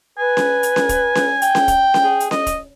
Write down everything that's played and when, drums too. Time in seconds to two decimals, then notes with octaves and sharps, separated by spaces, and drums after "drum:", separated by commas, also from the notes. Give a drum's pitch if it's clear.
0.18 B4 G#5
0.37 drum: snare C#4
0.63 drum: hi-hat
0.76 drum: snare C#4
0.89 drum: kick, hi-hat
1.15 drum: snare C#4
1.42 G5, drum: hi-hat
1.55 drum: snare C#4
1.68 drum: kick, hi-hat
1.94 drum: snare C#4
2.03 G#4
2.20 drum: hi-hat
2.31 D#5, drum: snare C#4
2.47 drum: kick, hi-hat